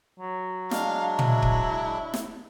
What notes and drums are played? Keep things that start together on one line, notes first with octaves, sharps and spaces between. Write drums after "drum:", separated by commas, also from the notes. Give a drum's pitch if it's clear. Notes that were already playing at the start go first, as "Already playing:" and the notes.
F#3
G#3 D4 F5, drum: snare
E4, drum: tom
drum: kick C#1
drum: snare